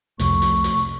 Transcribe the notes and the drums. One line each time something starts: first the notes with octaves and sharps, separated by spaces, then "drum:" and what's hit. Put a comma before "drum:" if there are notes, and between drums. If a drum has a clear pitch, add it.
C2 F2 C3 A3 C#6, drum: hi-hat
drum: hi-hat
drum: hi-hat